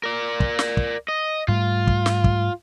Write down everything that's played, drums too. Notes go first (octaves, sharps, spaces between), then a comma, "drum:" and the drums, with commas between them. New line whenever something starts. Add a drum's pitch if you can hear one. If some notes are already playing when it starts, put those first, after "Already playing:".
A#4 D5
drum: kick
drum: snare
drum: kick
D#5
G#2 G3 A3 F4
drum: kick
drum: snare
drum: kick